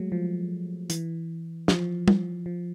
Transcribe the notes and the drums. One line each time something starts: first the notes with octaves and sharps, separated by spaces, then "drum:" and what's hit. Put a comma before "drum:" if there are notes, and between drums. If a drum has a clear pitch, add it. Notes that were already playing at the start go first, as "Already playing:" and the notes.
Already playing: F#3 G#3 A3
F3
E3, drum: hi-hat
F3, drum: snare
F3, drum: tom
F3